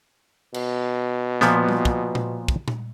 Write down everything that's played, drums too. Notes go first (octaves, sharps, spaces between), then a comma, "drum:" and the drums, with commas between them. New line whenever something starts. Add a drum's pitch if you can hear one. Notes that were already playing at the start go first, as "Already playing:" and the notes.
B2, drum: cymbal
A#2 F3 B3, drum: snare
drum: tom G3
drum: kick
drum: tom A#2
drum: kick
drum: tom A#2